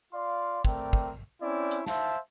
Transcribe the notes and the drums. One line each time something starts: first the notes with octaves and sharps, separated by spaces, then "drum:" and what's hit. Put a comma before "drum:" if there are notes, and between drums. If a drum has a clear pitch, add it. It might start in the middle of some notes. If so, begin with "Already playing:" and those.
F4 D5 F5 C6
A3 C4 A#4 D5 G5, drum: kick
drum: kick
C4 C#4 E4 C#5 D5
drum: hi-hat
C5 E5 F5 A5, drum: snare